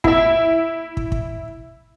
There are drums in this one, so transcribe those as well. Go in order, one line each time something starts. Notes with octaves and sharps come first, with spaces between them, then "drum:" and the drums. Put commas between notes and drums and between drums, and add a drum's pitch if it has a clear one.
E4 E5, drum: kick
drum: kick
drum: kick